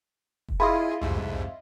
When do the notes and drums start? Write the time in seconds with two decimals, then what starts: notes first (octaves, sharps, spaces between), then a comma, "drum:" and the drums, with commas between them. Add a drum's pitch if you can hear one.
0.48 drum: kick F1
0.60 E4 F4 G#4 D#5
1.02 C2 F2 G#2